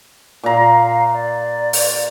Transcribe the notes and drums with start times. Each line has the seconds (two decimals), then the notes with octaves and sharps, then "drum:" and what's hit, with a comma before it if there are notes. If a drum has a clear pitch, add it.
0.43 A#2 F5 A#5
1.13 D5
1.73 drum: open hi-hat